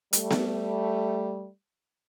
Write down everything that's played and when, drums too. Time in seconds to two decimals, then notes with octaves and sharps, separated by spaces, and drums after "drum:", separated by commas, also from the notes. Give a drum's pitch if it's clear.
0.13 G3 A3, drum: hi-hat
0.31 drum: snare B3